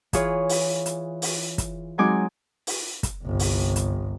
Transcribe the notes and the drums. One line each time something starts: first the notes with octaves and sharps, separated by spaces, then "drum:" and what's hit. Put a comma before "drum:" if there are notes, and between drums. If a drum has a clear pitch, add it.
E3 F4 G#4 C#5, drum: kick, hi-hat
drum: open hi-hat
drum: hi-hat
drum: open hi-hat
drum: kick, hi-hat
F#3 G#3 C4 D#4 G#5 D6
drum: open hi-hat
drum: kick, hi-hat
G1 C2
drum: open hi-hat
drum: hi-hat